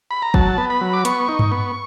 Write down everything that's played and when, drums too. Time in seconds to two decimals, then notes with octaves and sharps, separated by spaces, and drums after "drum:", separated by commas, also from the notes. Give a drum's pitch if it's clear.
0.11 B5
0.22 A#5
0.34 F#3 A5, drum: kick
0.58 B3
0.70 B5
0.81 F#3
0.93 D6
1.05 B3 C#6, drum: hi-hat
1.29 D#4
1.39 drum: tom G2
1.52 B3